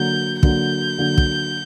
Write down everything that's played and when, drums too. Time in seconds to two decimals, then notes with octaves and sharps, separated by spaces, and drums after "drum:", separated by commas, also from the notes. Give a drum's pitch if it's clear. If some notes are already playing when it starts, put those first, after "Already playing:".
Already playing: D3 F#3 A#3 G6
0.43 D3 F#3 A#3 G6, drum: kick
0.99 D3 F#3 A#3
1.18 drum: kick